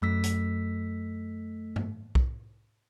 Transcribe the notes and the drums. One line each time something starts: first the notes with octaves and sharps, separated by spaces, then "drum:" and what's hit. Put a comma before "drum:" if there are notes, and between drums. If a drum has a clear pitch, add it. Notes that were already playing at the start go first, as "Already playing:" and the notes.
F#2 A3 E6 B6
drum: hi-hat
drum: tom G2
drum: kick